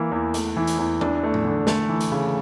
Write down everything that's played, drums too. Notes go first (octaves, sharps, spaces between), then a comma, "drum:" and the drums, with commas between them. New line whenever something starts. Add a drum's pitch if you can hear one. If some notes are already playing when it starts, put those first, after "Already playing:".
Already playing: E3 A#3
E2
A3, drum: hi-hat
E3
drum: hi-hat
E2
D4, drum: tom E3
A3
drum: tom
D3
A3, drum: snare
E3
drum: hi-hat
C#3